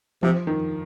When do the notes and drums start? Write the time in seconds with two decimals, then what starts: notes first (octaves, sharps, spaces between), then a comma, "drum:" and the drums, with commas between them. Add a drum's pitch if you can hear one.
0.23 C3 F3, drum: tom E3
0.47 D#3